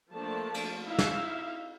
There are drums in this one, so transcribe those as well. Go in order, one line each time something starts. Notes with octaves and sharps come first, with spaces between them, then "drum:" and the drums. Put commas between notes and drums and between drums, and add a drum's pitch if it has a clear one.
F3 A3 A#3 D4 A5
drum: cymbal
D#4 E4 E5 F5
drum: snare